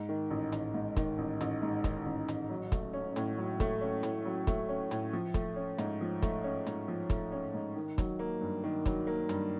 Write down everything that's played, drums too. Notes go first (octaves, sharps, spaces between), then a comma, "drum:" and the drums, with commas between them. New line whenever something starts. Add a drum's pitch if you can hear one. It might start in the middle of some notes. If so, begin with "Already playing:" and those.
Already playing: G#2
D#3
A1
A1, drum: hi-hat
G#2
D#3, drum: kick, hi-hat
A1
A1, drum: hi-hat
G#2
D#3, drum: kick, hi-hat
A1
A1, drum: hi-hat
F#3
A3, drum: kick, hi-hat
C#4
A2, drum: hi-hat
F#3
A3, drum: kick, hi-hat
C#4
A2, drum: hi-hat
F#3
A3, drum: kick, hi-hat
C#4
A2, drum: hi-hat
F3
A3, drum: kick, hi-hat
C#4
G#2, drum: hi-hat
F3
A3, drum: kick, hi-hat
C#4
G#2, drum: hi-hat
F3
A3, drum: kick, hi-hat
C#4
G#2
D#3
F#3, drum: kick, hi-hat
A#3
G2
D#3
F#3, drum: kick, hi-hat
A#3
G2, drum: hi-hat